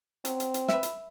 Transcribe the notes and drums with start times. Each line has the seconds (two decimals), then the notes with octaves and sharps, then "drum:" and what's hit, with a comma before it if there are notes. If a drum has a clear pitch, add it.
0.25 F#3 C4, drum: hi-hat
0.40 drum: hi-hat
0.54 drum: hi-hat
0.68 B4 E5, drum: snare
0.83 drum: hi-hat